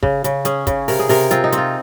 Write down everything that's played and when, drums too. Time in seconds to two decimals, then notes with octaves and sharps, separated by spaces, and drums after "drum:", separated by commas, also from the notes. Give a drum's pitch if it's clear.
0.03 C#3, drum: kick
0.24 C#3, drum: hi-hat
0.45 C#4 G#4, drum: hi-hat
0.67 C#3, drum: kick, hi-hat
0.88 C3 A#4, drum: open hi-hat
0.99 G#4
1.09 C3 A#4, drum: open hi-hat
1.31 C4 F4, drum: hi-hat
1.44 D#4
1.52 C4, drum: hi-hat
1.58 F4